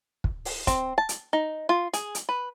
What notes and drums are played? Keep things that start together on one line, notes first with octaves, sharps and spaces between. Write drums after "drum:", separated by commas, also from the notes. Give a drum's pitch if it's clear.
drum: kick
drum: open hi-hat
C4, drum: kick, hi-hat
A5
drum: hi-hat
D#4
F4
G#4, drum: hi-hat
drum: hi-hat
B4